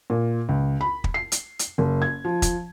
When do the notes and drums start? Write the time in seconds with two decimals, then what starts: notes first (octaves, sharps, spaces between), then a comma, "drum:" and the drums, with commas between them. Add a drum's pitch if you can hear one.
0.10 A#2
0.49 C#2
0.81 B5
1.04 drum: kick
1.14 C7
1.32 drum: hi-hat
1.59 drum: hi-hat
1.78 F#1
2.02 G#6
2.25 F3
2.42 drum: kick, hi-hat